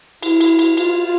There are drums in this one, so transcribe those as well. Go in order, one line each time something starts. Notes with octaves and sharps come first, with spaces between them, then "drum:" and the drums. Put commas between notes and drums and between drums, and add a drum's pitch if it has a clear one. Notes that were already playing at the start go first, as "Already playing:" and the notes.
E4, drum: cymbal
drum: cymbal
drum: cymbal
F4, drum: cymbal
F4